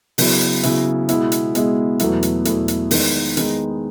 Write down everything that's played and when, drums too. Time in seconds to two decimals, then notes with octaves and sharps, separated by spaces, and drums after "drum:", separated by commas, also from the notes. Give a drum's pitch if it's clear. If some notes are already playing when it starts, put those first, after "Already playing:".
0.18 C#3 F#3 B3 E4, drum: open hi-hat
0.41 drum: hi-hat
0.63 C#3 F#3 B3 E4, drum: hi-hat
1.09 B2 G#3 B3 E4, drum: hi-hat
1.32 drum: hi-hat
1.55 B2 G#3 B3 E4, drum: hi-hat
1.99 E2 B2 F#3 A3 E4, drum: hi-hat
2.23 drum: hi-hat
2.45 E2 B2 F#3 A3 E4, drum: hi-hat
2.68 drum: hi-hat
2.91 D#3 G#3 B3 D#4, drum: open hi-hat
3.37 D#3 G#3 B3 D#4, drum: hi-hat